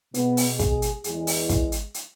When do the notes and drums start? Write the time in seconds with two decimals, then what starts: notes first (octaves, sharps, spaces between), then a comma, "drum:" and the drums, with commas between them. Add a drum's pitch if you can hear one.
0.14 B2 G#3 B3, drum: hi-hat
0.37 drum: open hi-hat
0.59 G#4, drum: kick, hi-hat
0.82 drum: hi-hat
1.04 E2 E3 G#3 G#4, drum: hi-hat
1.27 drum: open hi-hat
1.49 drum: kick, hi-hat
1.72 drum: hi-hat
1.94 drum: hi-hat